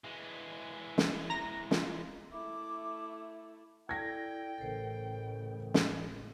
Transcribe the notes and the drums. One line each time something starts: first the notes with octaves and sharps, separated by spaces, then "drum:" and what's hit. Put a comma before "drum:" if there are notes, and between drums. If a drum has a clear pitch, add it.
E3 G#3
drum: snare
A#5 A#6
F4, drum: snare
A3 E4 D6
E4 A4 D5 G5 G#6 A#6
A1 C#3 A4 A#4 C5
drum: snare